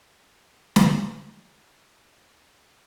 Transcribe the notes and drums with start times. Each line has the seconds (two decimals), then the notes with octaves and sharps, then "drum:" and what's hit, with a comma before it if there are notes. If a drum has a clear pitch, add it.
0.18 G4 A#5
0.76 drum: snare